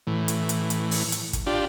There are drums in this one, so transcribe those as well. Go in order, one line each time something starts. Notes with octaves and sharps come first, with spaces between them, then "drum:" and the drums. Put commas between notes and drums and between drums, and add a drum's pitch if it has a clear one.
A2 E3
drum: hi-hat
drum: hi-hat
drum: hi-hat
drum: open hi-hat
drum: hi-hat
drum: kick, hi-hat
D4 F4 G4